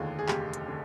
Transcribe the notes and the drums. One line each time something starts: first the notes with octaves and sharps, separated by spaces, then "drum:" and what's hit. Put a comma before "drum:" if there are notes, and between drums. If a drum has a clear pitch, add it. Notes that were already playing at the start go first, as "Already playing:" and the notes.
Already playing: F1 D#2 D3 F4 G#4
G#4
F1 G4, drum: clap
drum: hi-hat
D3